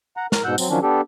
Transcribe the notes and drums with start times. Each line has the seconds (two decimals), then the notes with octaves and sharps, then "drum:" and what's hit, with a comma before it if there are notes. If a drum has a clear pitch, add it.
0.17 F#5 A#5
0.32 A#4, drum: snare
0.45 G#2 B2 F#5 E6 F#6 G6
0.58 F#3 C4, drum: tambourine
0.70 D#3 F3 F#3 C#4 D4
0.83 B3 D4 G4 A4